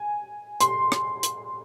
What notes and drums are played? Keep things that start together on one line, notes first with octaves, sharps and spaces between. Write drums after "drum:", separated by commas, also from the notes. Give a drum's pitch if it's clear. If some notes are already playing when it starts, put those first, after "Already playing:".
Already playing: G#5
C6, drum: hi-hat
drum: rim click
drum: hi-hat